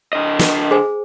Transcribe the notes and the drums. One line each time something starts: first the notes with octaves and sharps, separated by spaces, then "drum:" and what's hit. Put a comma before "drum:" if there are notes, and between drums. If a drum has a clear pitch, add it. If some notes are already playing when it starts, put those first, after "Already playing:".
D3 D#5
drum: snare
G#4 C5 G#5